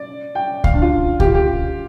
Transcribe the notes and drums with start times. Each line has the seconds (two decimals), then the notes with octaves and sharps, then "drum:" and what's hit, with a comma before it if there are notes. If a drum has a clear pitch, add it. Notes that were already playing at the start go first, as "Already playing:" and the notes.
Already playing: D5
0.35 G5
0.64 F5, drum: kick C#2
0.74 D4
0.82 F4
1.20 G4, drum: kick C#2
1.26 F4
1.34 G4